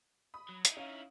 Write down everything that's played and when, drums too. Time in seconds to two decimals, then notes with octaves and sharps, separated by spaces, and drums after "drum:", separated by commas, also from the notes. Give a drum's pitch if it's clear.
0.34 B5 D#6
0.49 F#3
0.65 D#4 E4, drum: hi-hat
0.77 C#4 F5